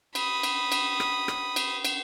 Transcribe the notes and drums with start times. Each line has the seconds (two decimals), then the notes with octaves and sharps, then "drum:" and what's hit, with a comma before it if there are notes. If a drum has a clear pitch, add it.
0.15 B5 D#6, drum: cymbal
0.43 drum: cymbal
0.72 drum: cymbal
1.00 drum: rim click
1.28 drum: rim click
1.56 drum: cymbal
1.85 drum: cymbal